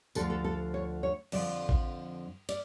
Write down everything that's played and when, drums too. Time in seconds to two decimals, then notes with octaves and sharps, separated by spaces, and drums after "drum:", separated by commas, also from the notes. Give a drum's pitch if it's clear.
0.15 D2 D3 F3 A4, drum: tambourine
0.30 A4
0.44 A4
0.74 C#5
1.03 C#5
1.32 F2 D3 F3 D5, drum: cymbal
1.69 drum: kick A1
2.49 D5, drum: cymbal